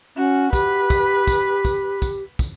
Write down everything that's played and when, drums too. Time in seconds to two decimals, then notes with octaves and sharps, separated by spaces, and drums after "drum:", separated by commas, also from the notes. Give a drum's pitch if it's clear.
0.17 C#4 F#4
0.53 G4 B4, drum: kick, tambourine
0.90 drum: kick, tambourine
1.27 drum: kick, tambourine
1.65 drum: kick, tambourine
2.02 drum: kick, tambourine
2.39 drum: kick, tambourine